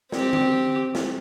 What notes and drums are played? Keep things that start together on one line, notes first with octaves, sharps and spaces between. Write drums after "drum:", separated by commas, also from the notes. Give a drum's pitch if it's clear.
C4 G4, drum: snare
drum: tom
drum: snare